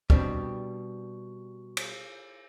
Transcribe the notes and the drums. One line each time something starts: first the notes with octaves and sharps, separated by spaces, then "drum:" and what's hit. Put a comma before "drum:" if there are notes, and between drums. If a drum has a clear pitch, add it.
B2 G3 C4 D4, drum: kick
drum: cymbal